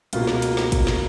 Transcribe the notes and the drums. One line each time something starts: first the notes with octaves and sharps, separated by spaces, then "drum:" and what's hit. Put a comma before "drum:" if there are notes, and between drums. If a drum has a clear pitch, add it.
C#2 B2 A#3 F4, drum: hi-hat
drum: snare
drum: hi-hat
drum: snare
drum: kick, hi-hat
drum: snare